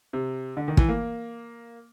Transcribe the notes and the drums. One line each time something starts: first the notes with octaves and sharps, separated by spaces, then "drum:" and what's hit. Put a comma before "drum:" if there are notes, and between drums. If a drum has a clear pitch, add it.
C3
D3
D#3
E3, drum: kick
A#3